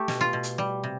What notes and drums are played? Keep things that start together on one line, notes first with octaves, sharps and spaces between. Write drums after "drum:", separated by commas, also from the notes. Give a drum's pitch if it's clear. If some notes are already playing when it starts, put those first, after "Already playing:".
Already playing: A3 G4
B2, drum: snare
F4
B2
drum: hi-hat
G3
C3